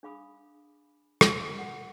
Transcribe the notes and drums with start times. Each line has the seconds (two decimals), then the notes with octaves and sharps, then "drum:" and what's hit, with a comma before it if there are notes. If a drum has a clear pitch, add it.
0.03 D4 G#4 F5 B5 D6 D#6
1.21 D6, drum: rim click
1.59 F#5